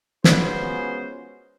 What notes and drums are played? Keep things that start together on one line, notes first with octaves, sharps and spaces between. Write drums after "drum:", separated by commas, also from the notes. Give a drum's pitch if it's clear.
G#3 B3 C#4 F4 F#4 C5, drum: snare